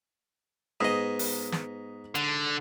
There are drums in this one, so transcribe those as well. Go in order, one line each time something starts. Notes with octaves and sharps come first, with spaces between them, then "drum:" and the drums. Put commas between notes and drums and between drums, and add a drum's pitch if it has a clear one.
G#2 B3 D#5 D#6
drum: open hi-hat
drum: snare
D3, drum: hi-hat